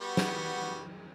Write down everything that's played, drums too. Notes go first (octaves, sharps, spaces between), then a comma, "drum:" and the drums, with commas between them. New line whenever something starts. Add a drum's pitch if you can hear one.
G3 B3 F#4
drum: snare